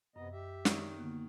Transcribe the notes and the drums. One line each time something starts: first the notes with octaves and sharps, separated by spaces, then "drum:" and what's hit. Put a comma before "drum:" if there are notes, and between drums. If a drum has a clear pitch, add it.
F#2 C3 B3 D#5
G4 E5
D#3 C#5 D5, drum: snare
D3 A#3 B3 F#4